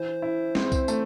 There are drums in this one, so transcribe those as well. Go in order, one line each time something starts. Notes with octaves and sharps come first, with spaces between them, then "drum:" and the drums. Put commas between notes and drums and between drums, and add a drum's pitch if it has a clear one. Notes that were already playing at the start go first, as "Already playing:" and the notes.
Already playing: E3 C5
E4
C4, drum: snare
drum: kick C2, tambourine
A3, drum: tambourine